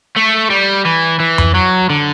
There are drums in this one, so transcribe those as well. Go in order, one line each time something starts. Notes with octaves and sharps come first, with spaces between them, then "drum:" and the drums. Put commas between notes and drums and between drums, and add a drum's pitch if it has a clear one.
A3
G3
E3
E3
drum: tom F2
F#3
D3